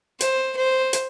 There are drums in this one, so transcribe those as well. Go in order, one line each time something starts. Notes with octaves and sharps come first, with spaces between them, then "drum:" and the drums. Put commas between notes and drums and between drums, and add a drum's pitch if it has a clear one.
C5, drum: hi-hat
C5
drum: hi-hat